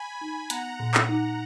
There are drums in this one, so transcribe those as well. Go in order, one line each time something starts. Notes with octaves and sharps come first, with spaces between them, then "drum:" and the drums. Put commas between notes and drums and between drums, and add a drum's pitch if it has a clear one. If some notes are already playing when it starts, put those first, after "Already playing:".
Already playing: G#5 B5
D#4
B3 F#5 A#5, drum: hi-hat
A#2
drum: clap
D#4